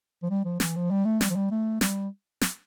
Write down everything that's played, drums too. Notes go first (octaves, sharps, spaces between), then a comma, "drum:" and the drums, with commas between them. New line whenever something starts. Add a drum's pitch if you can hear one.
F3
G3
F3
E3, drum: snare
F3
G3
A3
G3, drum: snare
F3
G3
A3
G3, drum: snare
drum: snare